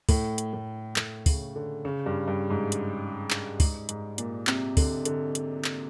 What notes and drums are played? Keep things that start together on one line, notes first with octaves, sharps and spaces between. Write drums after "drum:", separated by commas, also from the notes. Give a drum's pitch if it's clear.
A2, drum: kick, open hi-hat
drum: hi-hat
A2
A2, drum: clap
C#3, drum: kick, open hi-hat
D3
C#3
G2
G2
G#2
drum: hi-hat
drum: clap
G#2, drum: kick, open hi-hat
G#2, drum: hi-hat
A#2, drum: hi-hat
C3, drum: clap
D3, drum: kick, open hi-hat
D3, drum: hi-hat
drum: hi-hat
drum: clap